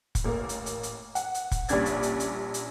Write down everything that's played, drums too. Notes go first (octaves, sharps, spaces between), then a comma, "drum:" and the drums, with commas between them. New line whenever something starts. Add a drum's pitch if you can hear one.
drum: kick, hi-hat
A1 A#3
drum: hi-hat
drum: hi-hat
drum: hi-hat
F#5, drum: hi-hat
drum: hi-hat
drum: kick, hi-hat
A#1 G3 C#4 D4 G#6 A6, drum: hi-hat
drum: hi-hat
drum: hi-hat
drum: hi-hat
drum: hi-hat